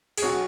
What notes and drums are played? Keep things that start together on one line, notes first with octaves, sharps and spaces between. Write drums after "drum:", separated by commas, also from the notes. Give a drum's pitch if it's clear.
G#4, drum: open hi-hat
B1 B2 F#3 F#4